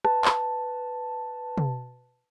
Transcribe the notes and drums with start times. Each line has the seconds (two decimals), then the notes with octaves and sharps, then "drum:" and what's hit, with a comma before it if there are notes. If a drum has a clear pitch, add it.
0.05 B4 A5, drum: rim click
0.25 drum: clap
1.58 drum: tom